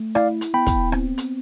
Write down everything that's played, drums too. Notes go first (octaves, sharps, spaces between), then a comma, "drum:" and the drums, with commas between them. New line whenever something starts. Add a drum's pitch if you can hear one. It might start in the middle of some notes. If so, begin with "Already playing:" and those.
Already playing: A3
E4 D5 F5, drum: rim click
drum: hi-hat
B3 G5 B5
drum: kick, hi-hat
C4, drum: rim click
drum: hi-hat